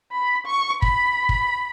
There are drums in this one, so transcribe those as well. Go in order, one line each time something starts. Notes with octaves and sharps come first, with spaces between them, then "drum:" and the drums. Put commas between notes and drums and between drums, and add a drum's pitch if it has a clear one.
B5
C#6
B5, drum: kick
drum: kick